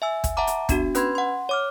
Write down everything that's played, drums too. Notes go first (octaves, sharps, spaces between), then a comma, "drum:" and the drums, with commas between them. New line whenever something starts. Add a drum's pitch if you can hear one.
E5 G#5 E6
drum: kick, hi-hat
E5 F#5 A5 A#5 D6
drum: hi-hat
B3 D4 F#4, drum: kick, hi-hat
C#4 B4 B5 C6 G#6, drum: hi-hat
F#5 C6
C#5 D6 F6